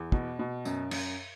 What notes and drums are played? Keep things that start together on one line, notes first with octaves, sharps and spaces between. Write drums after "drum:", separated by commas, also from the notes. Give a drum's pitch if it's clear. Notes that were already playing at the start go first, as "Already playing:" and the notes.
Already playing: E2
B2, drum: kick
B2
F#2, drum: tambourine
F#2, drum: cymbal